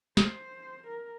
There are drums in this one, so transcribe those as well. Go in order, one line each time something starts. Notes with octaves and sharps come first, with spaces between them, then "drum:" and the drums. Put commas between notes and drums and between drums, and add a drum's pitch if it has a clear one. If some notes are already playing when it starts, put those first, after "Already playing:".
C5, drum: snare
A#4